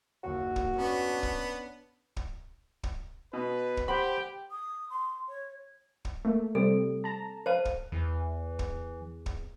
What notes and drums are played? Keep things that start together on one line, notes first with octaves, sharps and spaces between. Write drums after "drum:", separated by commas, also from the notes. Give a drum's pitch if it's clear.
F#1 D#2 F#4
drum: kick
B3 C#4 D4
drum: kick
drum: kick
drum: kick
B2 B4
drum: kick
G4 C5 F#5 G5 B5
D#6
C6
C#5
drum: kick
A3 A#3
C3 G3 C4 A4
A5 A#5
C5 F5 A5
drum: kick
E2 E3
drum: kick
drum: kick